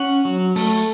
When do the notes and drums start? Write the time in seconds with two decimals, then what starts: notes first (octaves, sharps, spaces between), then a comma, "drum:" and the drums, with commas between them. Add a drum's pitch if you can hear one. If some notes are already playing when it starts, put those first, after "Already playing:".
Already playing: C#4 F#5
0.25 F#3
0.56 A3 A4, drum: open hi-hat
0.77 drum: hi-hat